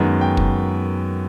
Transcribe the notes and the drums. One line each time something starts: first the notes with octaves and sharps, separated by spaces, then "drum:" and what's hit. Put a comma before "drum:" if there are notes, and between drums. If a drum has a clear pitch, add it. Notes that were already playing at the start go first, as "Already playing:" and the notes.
Already playing: F#2 D#3 G#3 B3
G5
drum: kick